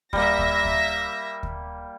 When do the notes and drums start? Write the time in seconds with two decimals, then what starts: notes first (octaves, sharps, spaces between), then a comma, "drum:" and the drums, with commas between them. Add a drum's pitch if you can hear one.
0.13 G3 A#3 E5 A#6, drum: kick D2
0.39 drum: kick D2
0.65 drum: kick D2
1.43 drum: kick D2